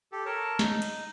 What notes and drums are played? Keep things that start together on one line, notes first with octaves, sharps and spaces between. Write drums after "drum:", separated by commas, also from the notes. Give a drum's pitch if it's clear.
G4 A4
A4 A#4 C#5 A5
D#4, drum: snare
drum: cymbal